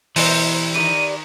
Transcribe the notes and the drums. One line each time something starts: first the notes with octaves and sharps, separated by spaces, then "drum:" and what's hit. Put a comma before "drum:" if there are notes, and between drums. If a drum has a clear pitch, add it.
B2 E3 G3 E4 C5 A#5, drum: open hi-hat
D#3 G4 B4 D5 D#7